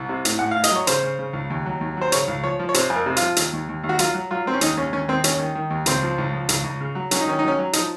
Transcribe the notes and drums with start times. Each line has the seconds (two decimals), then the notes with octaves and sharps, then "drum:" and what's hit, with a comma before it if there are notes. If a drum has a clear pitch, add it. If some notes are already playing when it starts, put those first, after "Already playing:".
Already playing: C2
0.09 C3
0.25 A2, drum: hi-hat
0.39 A2 F#5
0.51 A2 F5
0.64 D#5, drum: hi-hat
0.71 F#3 C#5
0.87 C#3 C5, drum: hi-hat
1.03 C#3
1.19 C#3
1.33 C#2
1.50 D#2
1.66 F#3
1.81 D#2
1.97 F#3 C5
2.12 C#3 C#5, drum: hi-hat
2.28 C#2
2.43 F3 C#5
2.59 F3
2.69 C#5
2.74 C3 C5, drum: hi-hat
2.90 F2
2.96 A#4
3.06 C3
3.17 F3 F4, drum: hi-hat
3.36 D#2, drum: hi-hat
3.53 D#2
3.69 D#2
3.84 D#2
3.89 F#4
3.99 F#3 F4, drum: hi-hat
4.14 F#3
4.31 F#3 F4
4.46 F#3 C4
4.54 C#4
4.61 D#2 D#4, drum: hi-hat
4.77 D#2 C#4
4.93 D#2 C#4
5.08 D#3 C4
5.24 D#2 C#4, drum: hi-hat
5.39 D#3
5.55 D#3
5.70 D#2
5.86 C#2 C4, drum: hi-hat
6.03 F3
6.18 C#2
6.33 F3
6.49 C#2, drum: hi-hat
6.64 C#2
6.81 C#3
6.95 F#3
7.11 F#3 C#4, drum: hi-hat
7.20 D#4
7.27 D#3 C#4
7.39 F#3 D#4
7.48 C#4
7.59 F#3
7.73 F3 D#4, drum: hi-hat